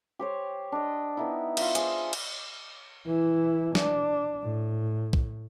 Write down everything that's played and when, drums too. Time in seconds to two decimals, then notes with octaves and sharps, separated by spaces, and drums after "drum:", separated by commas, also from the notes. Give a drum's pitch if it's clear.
0.19 G4 C5 C#5
0.72 D4 D#5
1.17 B3 D#4 E4
1.57 F4 E5, drum: cymbal
1.75 G#4 C5, drum: hi-hat
2.13 drum: cymbal
3.06 E3 E4
3.75 D4, drum: snare
4.43 A2
5.13 drum: kick